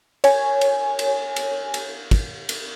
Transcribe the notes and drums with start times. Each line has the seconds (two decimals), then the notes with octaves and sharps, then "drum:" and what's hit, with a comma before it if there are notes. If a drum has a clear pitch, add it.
0.24 C#5 G#5, drum: cymbal
0.61 drum: cymbal
0.99 drum: cymbal
1.36 drum: cymbal
1.74 drum: cymbal
2.11 drum: kick, cymbal
2.49 drum: cymbal